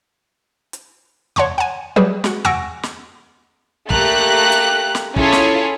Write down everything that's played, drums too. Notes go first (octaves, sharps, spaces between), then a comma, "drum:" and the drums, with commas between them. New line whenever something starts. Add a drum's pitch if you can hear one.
drum: hi-hat
C#5 F#5 A5 C6 C#6, drum: tom E2
F#5 G#5
F#3 G3 G#4 B4
G#3 F#4, drum: snare
F#5 G#5 C#6 E6 A#6 D7, drum: tom E2
drum: snare
A3 A#3 G4 A#5 F#6, drum: kick
drum: hi-hat
drum: snare
C#4 E4 F4 G#4 A4 C#5, drum: kick
drum: snare